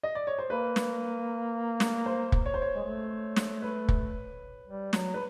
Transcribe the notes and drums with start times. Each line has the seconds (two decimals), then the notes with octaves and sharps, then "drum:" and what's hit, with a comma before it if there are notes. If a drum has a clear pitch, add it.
0.03 D#5
0.15 D5
0.27 C#5
0.39 C5
0.50 A#3 B4
0.76 drum: snare
1.80 drum: snare
2.06 C5
2.32 drum: kick
2.46 C#5
2.54 C5
2.62 C#5
2.76 G#3
2.85 A3
3.36 drum: snare
3.62 B4
3.89 drum: kick
4.67 G3
4.93 F#3, drum: snare
5.14 B4